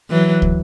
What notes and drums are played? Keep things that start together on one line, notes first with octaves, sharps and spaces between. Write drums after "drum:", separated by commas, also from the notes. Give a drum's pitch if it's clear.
E3 F#3
drum: kick